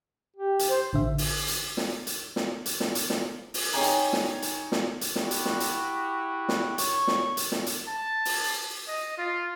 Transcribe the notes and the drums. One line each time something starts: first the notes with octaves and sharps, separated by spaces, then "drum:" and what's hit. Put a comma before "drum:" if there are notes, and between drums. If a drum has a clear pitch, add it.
G4
drum: hi-hat
C5
A1 D3 E5
drum: open hi-hat
drum: hi-hat
drum: snare
drum: hi-hat
drum: snare
drum: hi-hat
drum: snare
drum: hi-hat
drum: snare
drum: open hi-hat
D#4 G#4 C#5 G5 G#5 A#5
drum: hi-hat
drum: snare
drum: hi-hat
drum: snare
drum: hi-hat
E4 F#4 G4, drum: snare
drum: hi-hat
drum: snare
drum: hi-hat
drum: snare
C#5 C#6, drum: hi-hat
drum: snare
drum: hi-hat
drum: snare
drum: hi-hat
A5
drum: open hi-hat
D#5
F4